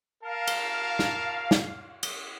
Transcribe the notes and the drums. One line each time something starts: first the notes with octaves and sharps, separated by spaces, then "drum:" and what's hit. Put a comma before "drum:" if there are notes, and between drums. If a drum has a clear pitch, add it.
A#4 F5 A5
drum: cymbal
drum: snare
drum: snare
drum: cymbal